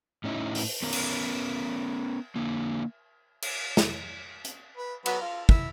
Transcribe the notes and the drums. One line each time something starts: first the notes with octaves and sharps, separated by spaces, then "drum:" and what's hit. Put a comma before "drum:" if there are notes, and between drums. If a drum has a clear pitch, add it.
A2 C#4 D#4 E4
drum: open hi-hat
B3 C#4 A#4
drum: cymbal
D3 A#3
drum: cymbal
drum: snare
drum: hi-hat
B4
F#3 B3 B4, drum: cymbal
F4
E4, drum: kick